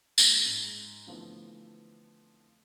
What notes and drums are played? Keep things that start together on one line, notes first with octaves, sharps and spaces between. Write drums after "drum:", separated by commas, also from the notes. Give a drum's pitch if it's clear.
F3 G#3 A#3, drum: tambourine
G#2
D3 E3 F3 A3 B3 C4